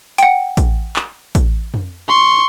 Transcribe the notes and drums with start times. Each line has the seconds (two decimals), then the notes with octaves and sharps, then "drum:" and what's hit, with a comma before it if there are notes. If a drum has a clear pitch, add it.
0.18 F#5 G5, drum: hi-hat
0.57 drum: kick, hi-hat
0.96 drum: clap
1.35 drum: kick, hi-hat
1.74 drum: tom F2
2.08 C6 C#6